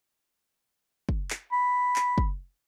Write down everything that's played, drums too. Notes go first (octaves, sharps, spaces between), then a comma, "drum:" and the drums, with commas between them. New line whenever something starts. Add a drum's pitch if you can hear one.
drum: kick
drum: clap
B5
drum: clap
drum: kick